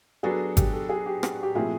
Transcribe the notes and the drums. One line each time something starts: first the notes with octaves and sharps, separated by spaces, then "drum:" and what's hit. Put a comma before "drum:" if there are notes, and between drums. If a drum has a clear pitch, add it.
F#3 B3 D4 F#4 G#4 A4
G4, drum: kick G#1, hi-hat
A4
G#4
G4
F#4, drum: rim click
G4
A#2 F3 A3 C4 E4 G#4